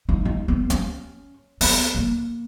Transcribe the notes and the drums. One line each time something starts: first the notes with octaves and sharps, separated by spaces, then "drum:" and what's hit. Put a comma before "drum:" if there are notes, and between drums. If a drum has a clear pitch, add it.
D#4
D#4
B3
C#4, drum: hi-hat
B3, drum: open hi-hat
A#3